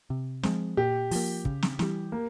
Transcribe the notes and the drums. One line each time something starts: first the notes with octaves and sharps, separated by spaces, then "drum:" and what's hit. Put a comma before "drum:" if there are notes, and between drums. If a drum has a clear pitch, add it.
C3
F3 G#3 C4, drum: snare
A#2 G4
F3 A#3, drum: open hi-hat
C#3, drum: kick
drum: snare
E3 G3, drum: snare
A#3